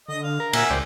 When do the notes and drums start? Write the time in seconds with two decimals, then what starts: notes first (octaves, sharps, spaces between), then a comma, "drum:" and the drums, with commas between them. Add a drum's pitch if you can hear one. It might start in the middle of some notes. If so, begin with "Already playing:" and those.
0.09 D3 D#5
0.23 F5
0.40 A#4
0.53 A#2 E5 F#5 G#5, drum: cymbal
0.70 C#2 C5 D5 G5